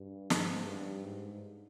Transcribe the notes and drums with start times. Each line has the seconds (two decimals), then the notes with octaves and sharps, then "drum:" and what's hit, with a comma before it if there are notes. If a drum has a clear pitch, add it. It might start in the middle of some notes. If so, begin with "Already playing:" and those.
Already playing: G2
0.30 G#2, drum: snare
0.67 G2
1.04 G#2